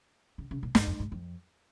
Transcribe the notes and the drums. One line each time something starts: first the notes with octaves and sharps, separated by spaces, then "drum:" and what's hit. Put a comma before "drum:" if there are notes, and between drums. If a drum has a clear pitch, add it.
C#3
C#3
A#2
G#2, drum: snare
F2
G#2
F2